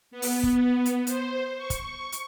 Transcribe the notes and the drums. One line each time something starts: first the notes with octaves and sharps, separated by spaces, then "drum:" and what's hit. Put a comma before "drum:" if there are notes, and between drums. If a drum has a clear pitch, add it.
B3
drum: open hi-hat
drum: kick
drum: hi-hat
C5, drum: hi-hat
C#6
drum: kick, hi-hat
drum: hi-hat